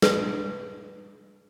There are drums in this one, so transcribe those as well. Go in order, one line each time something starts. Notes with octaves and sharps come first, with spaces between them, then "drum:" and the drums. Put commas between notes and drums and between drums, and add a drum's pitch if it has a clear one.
B4, drum: snare